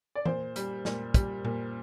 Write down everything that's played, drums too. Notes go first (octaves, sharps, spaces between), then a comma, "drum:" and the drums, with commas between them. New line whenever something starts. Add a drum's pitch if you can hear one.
D5
A#2 C5, drum: tom
G3, drum: hi-hat
A#2, drum: snare
G3, drum: kick, hi-hat
A#2, drum: tom A#2